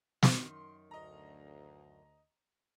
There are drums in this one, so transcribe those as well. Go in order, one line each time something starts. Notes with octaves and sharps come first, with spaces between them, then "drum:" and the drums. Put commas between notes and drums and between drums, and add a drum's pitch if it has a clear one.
F#2 D#3 C6, drum: snare
D2 D#5 A#5